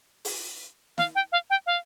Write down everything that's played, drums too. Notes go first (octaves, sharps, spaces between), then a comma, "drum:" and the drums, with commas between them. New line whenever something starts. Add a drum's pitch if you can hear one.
drum: open hi-hat
F5, drum: snare
G5
F5
G5
F5